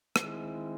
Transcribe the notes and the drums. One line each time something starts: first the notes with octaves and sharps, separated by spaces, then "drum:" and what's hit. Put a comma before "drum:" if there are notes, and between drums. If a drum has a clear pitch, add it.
D#3 G#3 C4 E4, drum: rim click